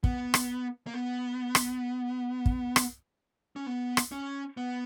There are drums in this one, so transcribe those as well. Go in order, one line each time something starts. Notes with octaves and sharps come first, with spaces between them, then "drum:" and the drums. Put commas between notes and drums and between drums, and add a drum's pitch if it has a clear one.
B3, drum: kick
drum: rim click
A#3
B3
drum: rim click
drum: kick
drum: rim click
C#4
B3
drum: rim click
C#4
B3